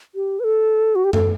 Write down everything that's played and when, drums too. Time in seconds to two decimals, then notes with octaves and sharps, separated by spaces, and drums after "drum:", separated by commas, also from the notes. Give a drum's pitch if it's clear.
0.15 G4
0.40 B4
0.44 A4
0.95 F#4
1.05 G4
1.13 A4, drum: tom F#2